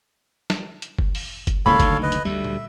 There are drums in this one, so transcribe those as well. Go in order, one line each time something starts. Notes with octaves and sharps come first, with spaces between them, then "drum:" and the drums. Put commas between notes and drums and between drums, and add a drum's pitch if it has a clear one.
drum: snare
drum: hi-hat
drum: kick
drum: open hi-hat
drum: kick, hi-hat
D1 C#2 A#3 A4 C#5 F5 B5
F#1 D2 D#3, drum: kick, hi-hat
B4 D#5
drum: hi-hat
D2 G3 E5
drum: tom A#2